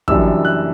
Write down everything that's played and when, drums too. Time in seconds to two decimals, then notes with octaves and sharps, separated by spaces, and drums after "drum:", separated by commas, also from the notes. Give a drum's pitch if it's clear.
0.08 F#1 F#2 E3 G3 D4 E6, drum: kick
0.45 F#6